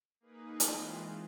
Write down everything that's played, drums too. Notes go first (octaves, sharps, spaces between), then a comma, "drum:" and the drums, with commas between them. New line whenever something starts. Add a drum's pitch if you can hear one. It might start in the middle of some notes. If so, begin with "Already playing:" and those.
A#3 D#4 G#4 B4
E3 G#3 C4 F4, drum: hi-hat